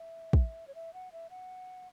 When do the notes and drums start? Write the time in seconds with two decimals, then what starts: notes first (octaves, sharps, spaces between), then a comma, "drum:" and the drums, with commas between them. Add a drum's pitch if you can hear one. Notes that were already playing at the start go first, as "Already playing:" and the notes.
Already playing: E5
0.33 drum: kick
0.68 C#5
0.75 E5
0.94 F#5
1.12 E5
1.30 F#5